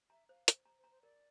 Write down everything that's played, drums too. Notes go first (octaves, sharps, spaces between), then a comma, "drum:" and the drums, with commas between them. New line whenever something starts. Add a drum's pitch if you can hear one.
E5 A#5
C5 F5
C5, drum: hi-hat
A#5
C5
A#5
C5
A#4 D5